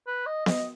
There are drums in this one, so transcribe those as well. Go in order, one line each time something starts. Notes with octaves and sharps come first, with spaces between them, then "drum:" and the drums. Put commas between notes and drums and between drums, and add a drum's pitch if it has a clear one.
B4
D#5
D#5, drum: snare B3